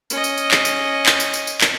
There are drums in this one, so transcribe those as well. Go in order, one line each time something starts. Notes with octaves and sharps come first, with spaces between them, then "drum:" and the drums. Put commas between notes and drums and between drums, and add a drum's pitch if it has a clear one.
C#4 D#5, drum: tambourine
drum: tambourine
drum: tambourine
drum: clap
drum: tambourine
drum: clap
drum: tambourine
drum: tambourine
drum: tambourine
drum: clap